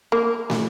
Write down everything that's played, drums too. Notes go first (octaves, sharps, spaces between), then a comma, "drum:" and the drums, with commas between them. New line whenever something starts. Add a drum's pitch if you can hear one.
A#3
drum: snare